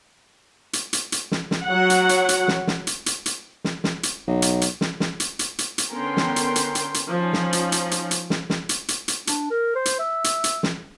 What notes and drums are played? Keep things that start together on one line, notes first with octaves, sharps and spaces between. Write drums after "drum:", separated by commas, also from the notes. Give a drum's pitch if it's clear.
drum: hi-hat
drum: hi-hat
drum: hi-hat
drum: snare
drum: snare
F#3 F#5
drum: hi-hat
drum: hi-hat
drum: hi-hat
drum: snare
drum: snare
drum: hi-hat
drum: hi-hat
drum: hi-hat
drum: snare
drum: snare
drum: hi-hat
B1
drum: hi-hat
drum: hi-hat
drum: snare
drum: snare
drum: hi-hat
drum: hi-hat
drum: hi-hat
drum: hi-hat
D3 B3 C#4 A#4 G5 C6
drum: snare
drum: hi-hat
drum: hi-hat
drum: hi-hat
drum: hi-hat
F3 C#4 D#4
drum: snare
drum: hi-hat
drum: hi-hat
drum: hi-hat
drum: hi-hat
drum: snare
drum: snare
drum: hi-hat
drum: hi-hat
drum: hi-hat
D4, drum: hi-hat
A#4
C5
drum: hi-hat
E5
drum: hi-hat
drum: hi-hat
drum: snare